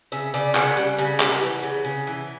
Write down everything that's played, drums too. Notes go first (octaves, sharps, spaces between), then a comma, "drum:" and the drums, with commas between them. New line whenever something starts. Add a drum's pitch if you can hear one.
C#3 E5
C#3 D5
C#3 F#5, drum: clap
G3
C#3
G3, drum: clap
E3
C#3
C#3
E3